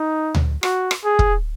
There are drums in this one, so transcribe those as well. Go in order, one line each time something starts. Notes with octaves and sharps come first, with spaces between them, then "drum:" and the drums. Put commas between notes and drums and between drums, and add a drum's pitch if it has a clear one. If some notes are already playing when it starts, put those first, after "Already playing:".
Already playing: D#4
drum: tom D2
F#4, drum: rim click
drum: rim click
G#4
drum: kick